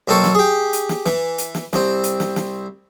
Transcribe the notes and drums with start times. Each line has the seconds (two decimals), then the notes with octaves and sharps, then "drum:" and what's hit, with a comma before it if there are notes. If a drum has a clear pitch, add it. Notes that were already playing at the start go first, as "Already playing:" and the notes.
0.08 B1 A#3 C4 A4 C#6
0.24 drum: snare
0.35 G4 G#4
0.73 drum: hi-hat
0.89 drum: snare
1.06 E3, drum: snare
1.38 drum: hi-hat
1.55 drum: snare
1.73 C2 C4, drum: snare
2.04 drum: hi-hat
2.20 drum: snare
2.36 drum: snare